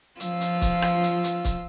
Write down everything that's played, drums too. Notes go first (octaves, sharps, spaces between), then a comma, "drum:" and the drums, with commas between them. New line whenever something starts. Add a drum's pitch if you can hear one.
F3 F4 E6, drum: hi-hat
drum: hi-hat
drum: kick C#1, hi-hat
drum: rim click
drum: hi-hat
drum: hi-hat
drum: kick C#1, hi-hat